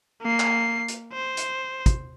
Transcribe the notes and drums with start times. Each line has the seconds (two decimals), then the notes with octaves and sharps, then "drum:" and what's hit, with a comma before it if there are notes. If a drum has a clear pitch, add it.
0.22 A#3 C7
0.40 drum: clap
0.88 drum: hi-hat
1.13 C5
1.37 drum: hi-hat
1.86 drum: kick, hi-hat